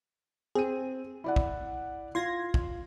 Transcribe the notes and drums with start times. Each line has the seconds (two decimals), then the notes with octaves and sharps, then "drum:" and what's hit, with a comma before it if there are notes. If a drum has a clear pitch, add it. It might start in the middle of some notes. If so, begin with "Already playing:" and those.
0.55 C4 G#4 D#7
1.24 E4 D5 F#5
1.36 drum: kick
2.15 F4 C6 G#6 A#6
2.54 drum: kick